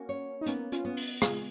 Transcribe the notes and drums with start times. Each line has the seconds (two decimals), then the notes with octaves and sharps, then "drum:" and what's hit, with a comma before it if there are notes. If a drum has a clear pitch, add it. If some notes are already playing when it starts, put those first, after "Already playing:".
Already playing: A#3 C#4 F#4
0.09 C#5
0.41 D#4
0.46 A#3 B3 C#4, drum: hi-hat
0.72 C#4 F4, drum: hi-hat
0.85 B3
0.97 drum: open hi-hat
1.22 G#3 F4 G#4, drum: rim click